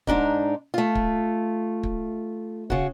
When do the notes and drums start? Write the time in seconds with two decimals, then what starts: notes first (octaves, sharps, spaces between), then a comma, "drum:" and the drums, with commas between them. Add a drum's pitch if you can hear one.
0.07 G#2 B2 D4 D#4, drum: kick
0.74 A3 F4
0.95 drum: kick
1.83 drum: kick
2.70 C#3 F#4, drum: kick